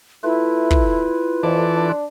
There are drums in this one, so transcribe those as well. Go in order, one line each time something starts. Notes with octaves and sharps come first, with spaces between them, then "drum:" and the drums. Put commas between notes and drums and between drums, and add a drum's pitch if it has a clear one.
A3 E4 F4 B4
drum: kick
F2 E3 A4 D5
D4